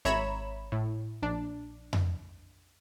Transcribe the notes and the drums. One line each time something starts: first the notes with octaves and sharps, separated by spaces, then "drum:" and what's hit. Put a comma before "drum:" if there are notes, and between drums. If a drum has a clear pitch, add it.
G#1 C#5 E5 A#5 B5 E7, drum: snare C4
A2
A#1 D4
drum: tom F2